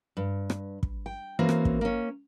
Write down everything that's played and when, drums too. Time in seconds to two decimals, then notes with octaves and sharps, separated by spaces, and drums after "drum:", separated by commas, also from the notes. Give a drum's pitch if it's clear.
0.17 G2
0.50 drum: rim click
0.83 drum: kick
1.06 G5
1.39 E3 A#3 C4 C#4 F#4 A#4
1.49 drum: rim click
1.65 drum: kick
1.81 A#3 C#4